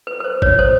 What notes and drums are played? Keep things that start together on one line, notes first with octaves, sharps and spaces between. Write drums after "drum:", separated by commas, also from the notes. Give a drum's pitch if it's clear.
B4
B4
C5
C#5, drum: kick
C5